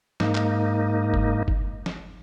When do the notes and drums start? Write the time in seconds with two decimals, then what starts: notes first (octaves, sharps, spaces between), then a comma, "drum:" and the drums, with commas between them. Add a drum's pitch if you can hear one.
0.20 G#2 A#3 D#4, drum: snare
0.35 drum: clap
1.14 drum: kick
1.48 drum: kick
1.86 drum: snare